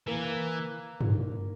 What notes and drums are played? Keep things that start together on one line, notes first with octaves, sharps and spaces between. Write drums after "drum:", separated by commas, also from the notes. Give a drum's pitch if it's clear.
E3 A#3
drum: tom G2